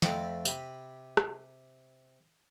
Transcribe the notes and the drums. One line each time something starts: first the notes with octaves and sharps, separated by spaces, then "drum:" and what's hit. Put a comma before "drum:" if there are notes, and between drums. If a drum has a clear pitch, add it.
F2 A3 C4 B5 D6, drum: snare
C3 B5, drum: tambourine
drum: rim click